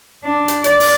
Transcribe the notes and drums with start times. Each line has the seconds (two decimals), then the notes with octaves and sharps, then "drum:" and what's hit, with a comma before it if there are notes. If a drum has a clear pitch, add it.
0.24 D4
0.48 drum: hi-hat
0.64 D5, drum: hi-hat
0.80 drum: open hi-hat